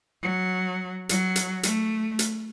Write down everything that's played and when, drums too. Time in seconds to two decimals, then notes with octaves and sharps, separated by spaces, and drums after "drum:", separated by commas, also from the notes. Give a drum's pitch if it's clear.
0.23 F#3
1.09 F#3, drum: hi-hat
1.36 drum: hi-hat
1.63 A3, drum: hi-hat
2.19 drum: hi-hat